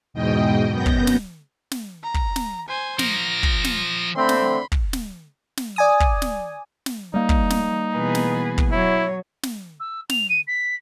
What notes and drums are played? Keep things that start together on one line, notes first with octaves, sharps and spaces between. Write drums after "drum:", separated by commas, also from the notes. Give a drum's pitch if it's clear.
E2 G#2 B2 D#5 G5
F#2 B3 G6 A#6
drum: kick
drum: snare
drum: snare
A#5
drum: kick
drum: snare
C5 G#5
F3 A#4 A#6, drum: snare
drum: kick
drum: snare
D3 A3 C4 B5 C6
drum: snare
drum: kick
drum: snare
drum: snare
D5 G#5 D#6
drum: kick
drum: snare
drum: snare
G3 A#3 D#4
drum: kick
drum: snare
B2 E3 B3 G#4 B4
drum: snare
drum: kick
F#3 E4 C#5
drum: snare
E6
F7, drum: snare
D#7
B6